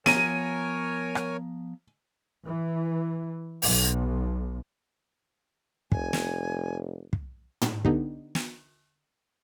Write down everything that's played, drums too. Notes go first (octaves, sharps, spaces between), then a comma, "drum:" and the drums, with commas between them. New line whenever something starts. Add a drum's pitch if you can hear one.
F3 B3 A#4 C#5 G#5 A#5 D#7, drum: snare
drum: rim click
E3
B1, drum: open hi-hat
F1 G#5, drum: kick
drum: snare
drum: kick
drum: tom
D3 B3 D#4 G4, drum: kick
drum: snare